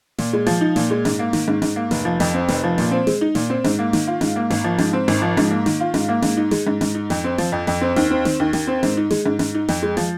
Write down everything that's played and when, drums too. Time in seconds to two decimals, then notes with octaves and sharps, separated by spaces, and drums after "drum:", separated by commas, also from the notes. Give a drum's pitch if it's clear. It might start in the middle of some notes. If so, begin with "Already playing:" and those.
0.19 A#2, drum: snare
0.33 G#3
0.47 F3, drum: snare
0.61 D#4
0.76 A#2, drum: snare
0.91 G#3
1.05 G#2, drum: snare
1.19 A#3
1.33 D#3, drum: snare
1.48 G#2
1.62 G#2, drum: snare
1.76 A#3
1.91 F1, drum: snare
2.05 F3
2.20 F2, drum: snare
2.34 C4
2.49 F1, drum: snare
2.64 F3
2.78 A#2, drum: snare
2.91 C4
3.07 G#3, drum: snare
3.21 D#4
3.35 A#2, drum: snare
3.50 C4
3.64 G#2, drum: snare
3.79 A#3
3.93 D#3, drum: snare
4.07 F4
4.21 G#2, drum: snare
4.36 A#3
4.51 G#1, drum: snare
4.64 F3
4.78 G#2, drum: snare
4.93 C4
5.08 G#1, drum: snare
5.22 F3
5.37 G#2, drum: snare
5.50 A#3
5.66 D#3, drum: snare
5.80 F4
5.94 G#2, drum: snare
6.09 A#3
6.22 G#2, drum: snare
6.37 D#4
6.51 G#3, drum: snare
6.67 G#2
6.81 G#2, drum: snare
6.95 D#4
7.10 F2, drum: snare
7.24 C4
7.38 F3, drum: snare
7.52 F2
7.67 F2, drum: snare
7.81 C4
7.96 D#2, drum: snare
8.11 C4
8.25 D#3, drum: snare
8.40 D#2
8.53 D#2, drum: snare
8.67 C4
8.83 G#2, drum: snare
8.97 D#4
9.11 G#3, drum: snare
9.26 G#2
9.39 G#2, drum: snare
9.55 D#4
9.68 F2, drum: snare
9.83 G#3
9.97 F3, drum: snare